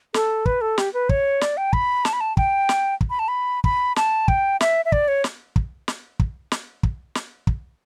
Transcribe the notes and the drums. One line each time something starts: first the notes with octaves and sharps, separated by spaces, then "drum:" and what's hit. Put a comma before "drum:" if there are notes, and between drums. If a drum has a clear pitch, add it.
A4, drum: snare
B4, drum: kick
A4
G4, drum: snare
B4
C#5, drum: kick
D5, drum: snare
G5
B5, drum: kick
A5, drum: snare
B5
A5
G5, drum: kick
drum: snare
drum: kick
B5
A5
B5
B5, drum: kick
A5, drum: snare
G5, drum: kick
E5, drum: snare
E5
D5, drum: kick
C#5
drum: snare
drum: kick
drum: snare
drum: kick
drum: snare
drum: kick
drum: snare
drum: kick